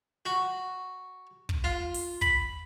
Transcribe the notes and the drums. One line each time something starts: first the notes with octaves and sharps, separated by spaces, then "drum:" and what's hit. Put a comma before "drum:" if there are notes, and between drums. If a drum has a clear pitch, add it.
F#4
drum: kick
F4
drum: open hi-hat
B5, drum: kick